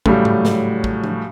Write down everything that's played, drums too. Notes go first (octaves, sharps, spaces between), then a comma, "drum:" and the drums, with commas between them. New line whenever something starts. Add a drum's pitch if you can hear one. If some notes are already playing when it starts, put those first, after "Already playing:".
A2 C#3 F#3 G3, drum: kick
drum: tom G#2
drum: snare
drum: kick
drum: tom F3